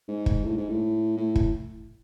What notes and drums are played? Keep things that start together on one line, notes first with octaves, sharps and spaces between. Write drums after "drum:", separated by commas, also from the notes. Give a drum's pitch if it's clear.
G#2
drum: kick
A2
G#2
A2
A2
drum: kick